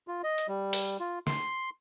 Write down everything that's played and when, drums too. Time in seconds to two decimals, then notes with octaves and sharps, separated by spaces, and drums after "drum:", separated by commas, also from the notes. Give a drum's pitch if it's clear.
0.08 F4
0.24 D#5
0.38 drum: hi-hat
0.48 G3
0.73 drum: open hi-hat
1.00 F4
1.27 C6, drum: snare